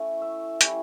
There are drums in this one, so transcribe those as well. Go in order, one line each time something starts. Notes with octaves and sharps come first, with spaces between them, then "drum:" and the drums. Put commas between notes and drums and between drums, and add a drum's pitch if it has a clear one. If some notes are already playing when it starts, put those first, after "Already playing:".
Already playing: A3 C#4 E4
E5
G3 C#4 E4, drum: hi-hat